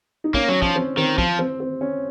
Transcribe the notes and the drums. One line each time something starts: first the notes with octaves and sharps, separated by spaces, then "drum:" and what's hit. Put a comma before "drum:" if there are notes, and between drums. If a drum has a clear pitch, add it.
D#4
A#3 C#4, drum: kick
F#3 C#4
F3 C#4, drum: kick
C4
D#3 C4
F3, drum: kick
C4
C4
C#4